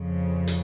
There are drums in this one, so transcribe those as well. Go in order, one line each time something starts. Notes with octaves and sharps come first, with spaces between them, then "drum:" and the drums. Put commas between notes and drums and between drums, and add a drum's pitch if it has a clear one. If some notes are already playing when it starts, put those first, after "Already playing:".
Already playing: F2 C#3 F3
drum: hi-hat